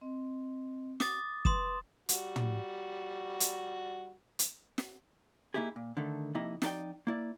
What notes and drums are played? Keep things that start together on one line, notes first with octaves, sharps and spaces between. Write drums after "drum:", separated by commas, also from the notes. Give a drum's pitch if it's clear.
C4 D#5
D6 D#6 A6, drum: snare
B4 C6 D#6 E7, drum: kick
G3 F#4, drum: hi-hat
drum: tom
drum: hi-hat
drum: hi-hat
drum: snare
A#3 D#4 E4 G4 G#4
A#2
D3 D#3 A3
F2 C3 A#3 D#4 E4 D#5
F2 D4 D#4 A4 D5 G5, drum: snare
A#3 E4 D5